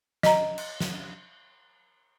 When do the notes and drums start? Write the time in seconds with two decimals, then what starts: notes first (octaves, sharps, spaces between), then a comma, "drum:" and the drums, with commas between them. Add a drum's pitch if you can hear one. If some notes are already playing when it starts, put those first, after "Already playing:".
0.23 D#5 A#5, drum: snare
0.58 drum: cymbal
0.80 drum: snare